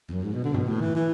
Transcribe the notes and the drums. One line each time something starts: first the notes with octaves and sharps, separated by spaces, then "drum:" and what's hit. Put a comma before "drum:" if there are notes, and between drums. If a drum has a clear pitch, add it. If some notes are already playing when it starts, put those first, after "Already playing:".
E2
F#2
G#2
B2
D3
B2, drum: tom G2
A2
E3
E3